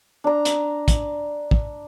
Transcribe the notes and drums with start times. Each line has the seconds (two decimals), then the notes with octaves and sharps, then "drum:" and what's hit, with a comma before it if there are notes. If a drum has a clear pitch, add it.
0.24 D4 A#5
0.45 drum: hi-hat
0.88 drum: kick, hi-hat
1.51 drum: kick